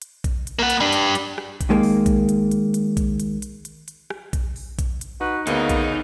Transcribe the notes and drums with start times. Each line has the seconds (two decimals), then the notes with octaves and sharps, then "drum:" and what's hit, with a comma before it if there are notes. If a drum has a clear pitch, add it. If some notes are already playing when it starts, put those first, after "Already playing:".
0.02 drum: hi-hat
0.24 drum: kick A#1, hi-hat
0.47 drum: hi-hat
0.59 A#3 F#5
0.70 drum: hi-hat
0.80 G3 D4
0.92 drum: hi-hat
1.15 drum: hi-hat
1.38 drum: rim click
1.61 drum: kick A#1, hi-hat
1.70 D#3 G#3 A#3
1.83 drum: open hi-hat
2.06 drum: kick A#1, hi-hat
2.29 drum: hi-hat
2.51 drum: hi-hat
2.74 drum: hi-hat
2.97 drum: kick A#1, hi-hat
3.20 drum: hi-hat
3.42 drum: hi-hat
3.65 drum: hi-hat
3.88 drum: hi-hat
4.10 drum: rim click
4.33 drum: kick A#1, hi-hat
4.56 drum: open hi-hat
4.79 drum: kick A#1, hi-hat
5.01 drum: hi-hat
5.21 D#4 F#4 B4
5.47 D2 C#3 A#3 B3 D#4, drum: hi-hat
5.69 drum: kick A#1, hi-hat